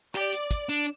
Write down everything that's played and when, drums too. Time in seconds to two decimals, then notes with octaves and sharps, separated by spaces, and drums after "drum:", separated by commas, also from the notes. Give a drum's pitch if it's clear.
0.15 G4 D5, drum: clap
0.33 drum: hi-hat
0.51 drum: kick, hi-hat
0.69 D4, drum: hi-hat